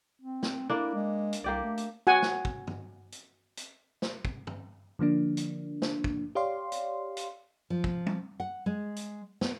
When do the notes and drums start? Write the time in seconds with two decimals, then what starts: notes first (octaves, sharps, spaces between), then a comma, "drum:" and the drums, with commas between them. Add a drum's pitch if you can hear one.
0.22 C4
0.43 drum: snare
0.70 A#3 D4 E4
0.94 G#3
1.33 drum: hi-hat
1.44 C2 A#3 G4 D5
1.64 A3
1.77 drum: hi-hat
2.07 F#4 F#5 G#5
2.22 drum: snare
2.45 drum: kick
2.67 drum: tom
3.12 drum: hi-hat
3.57 drum: hi-hat
4.02 drum: snare
4.25 drum: kick
4.47 drum: tom
4.99 D3 F3 A#3 D4
5.37 drum: hi-hat
5.82 drum: snare
6.04 drum: kick
6.35 G4 C#5 D5 F5 C6
6.72 drum: hi-hat
7.17 drum: hi-hat
7.70 F3
7.84 drum: kick
8.07 drum: tom
8.40 F#5
8.66 G#3
8.96 drum: hi-hat
9.41 B3, drum: snare